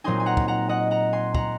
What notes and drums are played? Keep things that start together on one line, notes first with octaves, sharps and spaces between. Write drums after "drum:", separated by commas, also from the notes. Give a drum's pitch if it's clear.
A#2 F#3 C4 D#4 G#5 C6
G#5
F#5 A#5
drum: kick
F#5 A#5
D#5 F#5
F#5 A#5
G#5 C6
F#5 A#5, drum: kick